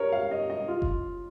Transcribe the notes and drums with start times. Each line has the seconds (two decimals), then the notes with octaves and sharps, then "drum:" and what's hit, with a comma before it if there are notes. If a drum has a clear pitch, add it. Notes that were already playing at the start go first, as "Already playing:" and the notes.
Already playing: A#4 C#5
0.12 F5
0.31 D#5
0.50 D#5
0.68 F4
0.82 drum: kick F#1